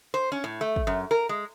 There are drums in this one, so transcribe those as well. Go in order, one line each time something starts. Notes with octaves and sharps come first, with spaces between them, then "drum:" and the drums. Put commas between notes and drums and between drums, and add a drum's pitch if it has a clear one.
C5
C#4
A2
A3
drum: kick
F#2
A#4
G#3